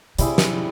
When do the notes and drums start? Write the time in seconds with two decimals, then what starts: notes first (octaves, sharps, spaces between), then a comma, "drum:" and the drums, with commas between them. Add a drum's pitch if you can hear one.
0.18 C3 G3 C4 E4 G#4, drum: hi-hat
0.38 drum: snare